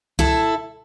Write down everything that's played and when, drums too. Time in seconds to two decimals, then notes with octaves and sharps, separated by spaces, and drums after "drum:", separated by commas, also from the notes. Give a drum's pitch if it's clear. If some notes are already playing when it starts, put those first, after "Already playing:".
0.19 E4 A4, drum: kick C#2